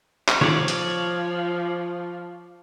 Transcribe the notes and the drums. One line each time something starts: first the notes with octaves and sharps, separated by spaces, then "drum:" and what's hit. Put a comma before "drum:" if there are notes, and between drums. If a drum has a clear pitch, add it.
drum: clap
F3 C#5 D5, drum: snare
drum: hi-hat